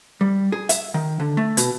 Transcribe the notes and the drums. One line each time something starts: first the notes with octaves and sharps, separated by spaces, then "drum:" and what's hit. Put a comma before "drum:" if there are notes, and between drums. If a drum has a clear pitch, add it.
G3
G#4
E5, drum: hi-hat
D#3
D3
A3
B2, drum: hi-hat